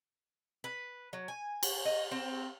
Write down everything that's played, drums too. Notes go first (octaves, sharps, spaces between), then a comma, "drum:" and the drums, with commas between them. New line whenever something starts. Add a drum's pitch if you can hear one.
B4
F#3
G#5
drum: cymbal
D#5
C4